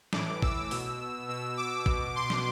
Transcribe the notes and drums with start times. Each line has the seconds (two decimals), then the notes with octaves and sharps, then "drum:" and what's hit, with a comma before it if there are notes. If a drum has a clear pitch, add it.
0.13 A2 E3 D6, drum: snare
0.42 E6, drum: kick
0.71 B2, drum: open hi-hat
1.28 B2 E6
1.57 D6
1.86 B2, drum: kick
2.15 C6
2.30 drum: snare